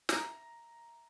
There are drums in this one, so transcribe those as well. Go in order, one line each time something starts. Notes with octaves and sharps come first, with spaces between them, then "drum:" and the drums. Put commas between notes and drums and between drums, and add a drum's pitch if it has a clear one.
E5 A#5, drum: snare